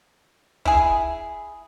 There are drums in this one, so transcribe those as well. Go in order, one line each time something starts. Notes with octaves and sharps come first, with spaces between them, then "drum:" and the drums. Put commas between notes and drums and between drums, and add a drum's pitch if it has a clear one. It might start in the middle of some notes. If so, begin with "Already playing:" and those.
E4 G#4, drum: kick